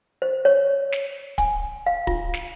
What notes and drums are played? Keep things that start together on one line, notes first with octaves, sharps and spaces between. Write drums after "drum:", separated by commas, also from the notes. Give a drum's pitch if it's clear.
C5
C#5
drum: snare
G#5, drum: kick, hi-hat
F5
F4, drum: kick
drum: snare